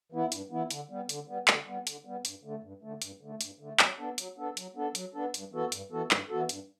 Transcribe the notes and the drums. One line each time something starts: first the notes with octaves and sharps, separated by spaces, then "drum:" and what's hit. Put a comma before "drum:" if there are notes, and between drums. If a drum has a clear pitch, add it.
E3 B3 E4
G2, drum: hi-hat
E3 B3 E4
D3, drum: hi-hat
G3 B3
D3, drum: hi-hat
G3 B3
D3, drum: clap
G3 B3
D3, drum: hi-hat
G3 B3
G2, drum: hi-hat
D3 A3
G2
D3 A3
G2, drum: hi-hat
D3 A3
G2, drum: hi-hat
D3 A3
F#3, drum: clap
B3 D4 A4
F#3, drum: hi-hat
B3 D4 A4
F#3, drum: hi-hat
B3 D4 A4
F#3, drum: hi-hat
B3 D4 A4
G2, drum: hi-hat
E3 B3 F#4 A4
G2, drum: hi-hat
E3 B3 F#4 A4
G2, drum: clap
E3 B3 F#4 A4
G2, drum: hi-hat